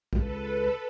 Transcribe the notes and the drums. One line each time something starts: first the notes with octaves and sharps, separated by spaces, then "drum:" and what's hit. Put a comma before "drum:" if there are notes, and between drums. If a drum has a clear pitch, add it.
C#2 A4 B4, drum: kick